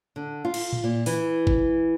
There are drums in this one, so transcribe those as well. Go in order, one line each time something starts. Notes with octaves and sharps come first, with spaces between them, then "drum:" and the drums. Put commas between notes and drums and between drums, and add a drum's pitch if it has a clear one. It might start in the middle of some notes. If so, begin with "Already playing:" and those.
D3
F4
drum: cymbal
drum: tom A2
A#2
E3, drum: open hi-hat
drum: kick G#1